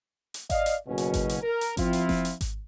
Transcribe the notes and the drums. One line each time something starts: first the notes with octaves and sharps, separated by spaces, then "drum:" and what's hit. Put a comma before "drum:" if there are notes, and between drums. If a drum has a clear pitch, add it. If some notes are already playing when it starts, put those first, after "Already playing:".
drum: hi-hat
D5 D#5 F5, drum: kick G#1, hi-hat
drum: hi-hat
F#1 B2 C#4
drum: hi-hat
drum: kick G#1, hi-hat
drum: hi-hat
A#4
drum: hi-hat
F3 C4 E4 F4, drum: kick G#1, hi-hat
drum: hi-hat
drum: snare F1
drum: hi-hat
drum: kick G#1, hi-hat